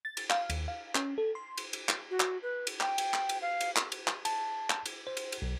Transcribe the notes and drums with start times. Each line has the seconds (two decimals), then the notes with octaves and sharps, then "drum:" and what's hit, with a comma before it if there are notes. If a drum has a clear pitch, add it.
0.05 A6
0.17 drum: cymbal
0.30 F5, drum: clap
0.50 D#2, drum: cymbal
0.68 F5
0.95 C#4, drum: clap
1.18 A4
1.35 C6
1.58 drum: cymbal
1.73 drum: cymbal
1.89 drum: clap
2.11 F#4
2.20 drum: clap
2.43 B4
2.67 drum: cymbal
2.81 G5, drum: clap
2.98 drum: cymbal
3.14 drum: clap
3.29 drum: cymbal
3.42 F5
3.61 drum: cymbal
3.76 drum: clap
3.92 drum: cymbal
4.07 drum: clap
4.25 A5, drum: cymbal
4.70 drum: clap
4.86 drum: cymbal
5.07 C5
5.17 drum: cymbal
5.32 drum: cymbal
5.42 B1